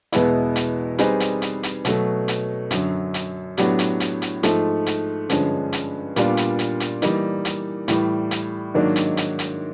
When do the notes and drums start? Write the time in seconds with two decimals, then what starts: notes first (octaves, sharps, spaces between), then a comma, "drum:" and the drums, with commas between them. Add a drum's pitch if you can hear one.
0.12 E2 B2 G#3 B3 E4, drum: hi-hat
0.55 drum: hi-hat
0.98 G3 C4 D#4 G#4 B4, drum: hi-hat
1.20 drum: hi-hat
1.42 drum: hi-hat
1.63 drum: hi-hat
1.85 B2 F#3 A3, drum: hi-hat
2.28 drum: hi-hat
2.71 F#2 D3 F#3, drum: hi-hat
3.14 drum: hi-hat
3.57 A2 F#3 B3 D4 G4, drum: hi-hat
3.79 drum: hi-hat
4.00 drum: hi-hat
4.22 drum: hi-hat
4.43 G#2 F3 A3, drum: hi-hat
4.86 drum: hi-hat
5.29 G2 D3 F3 G#3 C#4, drum: hi-hat
5.72 drum: hi-hat
6.16 A#2 G3 B3 D4 F4, drum: hi-hat
6.37 drum: hi-hat
6.59 drum: hi-hat
6.80 drum: hi-hat
7.02 E3 G3 A#3 D#4, drum: hi-hat
7.45 drum: hi-hat
7.88 A2 E3 G3, drum: hi-hat
8.31 drum: hi-hat
8.74 G#2 D#3 F#3 A#3 D4
8.96 drum: hi-hat
9.17 drum: hi-hat
9.39 drum: hi-hat